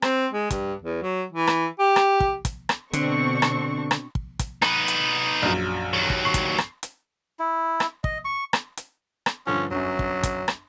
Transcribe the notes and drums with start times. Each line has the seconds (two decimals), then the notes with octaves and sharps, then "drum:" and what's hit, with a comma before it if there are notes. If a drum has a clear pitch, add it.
0.02 C4, drum: rim click
0.33 G#3
0.51 G2, drum: kick, hi-hat
0.82 E2
1.02 F#3
1.32 E3
1.47 drum: rim click
1.79 G4
1.96 drum: rim click
2.20 drum: kick
2.45 drum: kick, hi-hat
2.69 drum: rim click
2.93 B2 D3 C4 D4 C#6, drum: hi-hat
3.42 drum: rim click
3.91 drum: rim click
4.15 drum: kick
4.39 drum: kick, hi-hat
4.62 D#4 B4, drum: rim click
4.88 drum: hi-hat
5.42 A#1 F#2
5.93 D#2 F#3
6.10 drum: kick
6.25 C#6 C7 F#7
6.34 drum: kick, hi-hat
6.58 drum: rim click
6.83 drum: hi-hat
7.39 E4
7.80 drum: rim click
8.04 D#5, drum: kick
8.25 C#6
8.53 drum: rim click
8.77 drum: hi-hat
9.26 drum: rim click
9.47 G2 D3 F3 C#4
9.71 G1 F#2 F#3
9.99 drum: kick
10.23 drum: kick, hi-hat
10.48 drum: rim click